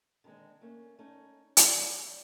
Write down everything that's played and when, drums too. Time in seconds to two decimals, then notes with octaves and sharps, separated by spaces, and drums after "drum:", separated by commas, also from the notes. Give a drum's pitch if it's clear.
0.24 D3 D#3 G3 G#3 C4
0.61 A3 A#3 C#4
0.99 A3 C#4 D#4
1.57 C#5 D5, drum: hi-hat